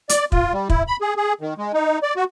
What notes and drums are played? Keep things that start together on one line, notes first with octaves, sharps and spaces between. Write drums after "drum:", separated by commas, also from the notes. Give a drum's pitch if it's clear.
D5, drum: hi-hat
F4, drum: kick
G3
E4, drum: kick
B5
G#4
G#4
D#3
G#3
D#4
D5
F#4